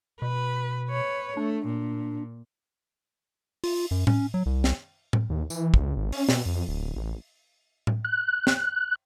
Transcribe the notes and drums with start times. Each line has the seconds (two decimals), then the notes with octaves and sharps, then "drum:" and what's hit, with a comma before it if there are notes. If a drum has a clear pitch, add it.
0.22 B2 B4
0.88 B4 C#5
1.37 A3 D4
1.66 A#2
3.64 F4, drum: open hi-hat
3.91 F#2
4.07 C#4, drum: tom A2
4.34 F#3
4.46 C2
4.64 drum: snare
5.13 drum: tom A2
5.30 D#2
5.50 E3, drum: tambourine
5.74 C#2, drum: kick
5.97 G#1
6.12 C#4, drum: open hi-hat
6.29 B2, drum: snare
6.46 F2
6.68 D1
6.96 A1
7.87 drum: tom A2
8.05 F#6
8.47 drum: snare